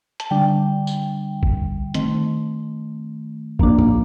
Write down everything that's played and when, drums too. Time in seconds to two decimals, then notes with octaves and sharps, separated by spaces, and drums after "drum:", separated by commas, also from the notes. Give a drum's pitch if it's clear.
0.20 A5, drum: hi-hat
0.31 D3 G3 D4 G5
0.87 drum: tambourine
1.43 drum: kick G1
1.94 D#3 A3 C4, drum: hi-hat
3.59 F3 A#3 D4, drum: kick G1
3.79 drum: tom